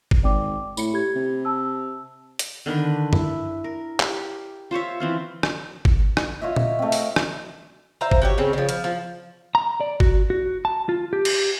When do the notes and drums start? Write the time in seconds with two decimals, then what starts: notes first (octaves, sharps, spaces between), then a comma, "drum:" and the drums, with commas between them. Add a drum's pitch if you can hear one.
0.11 drum: kick
0.23 G#1 D5 G5 D6
0.77 A2 B5 C#7, drum: tambourine
0.93 G4 B5 G#6
1.15 C3
1.45 A5 E6
2.39 drum: hi-hat
2.66 D3 D#3 D4 B4
3.13 E4, drum: tom F#2
3.64 A#4
4.00 G4, drum: clap
4.71 F4 C5 C#5 E5
5.00 E3 C4 F4
5.43 drum: rim click
5.85 drum: kick
6.17 drum: rim click
6.41 F4 C#5 D#5 E5
6.56 drum: tom A#2
6.79 A3 C4
6.92 drum: open hi-hat
7.16 drum: rim click
8.01 C5 E5 F5 A#5
8.11 drum: kick
8.22 F#4 G4 C#5
8.38 C#3 C4 C#4
8.53 C#3 F3
8.69 F3, drum: hi-hat
8.84 F3
9.55 A#5
9.81 D5
10.00 F#4, drum: kick
10.30 F#4
10.65 A5
10.89 F4
11.13 G4
11.25 drum: cymbal